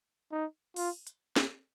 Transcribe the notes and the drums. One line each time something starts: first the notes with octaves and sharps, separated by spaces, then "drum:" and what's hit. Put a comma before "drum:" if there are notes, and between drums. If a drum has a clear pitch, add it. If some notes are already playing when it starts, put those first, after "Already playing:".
D#4
F4, drum: open hi-hat
drum: hi-hat
drum: snare